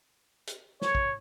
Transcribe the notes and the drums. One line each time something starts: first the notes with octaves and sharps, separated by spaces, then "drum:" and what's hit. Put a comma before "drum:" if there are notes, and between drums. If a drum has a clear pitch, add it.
drum: hi-hat
C#5, drum: snare
drum: kick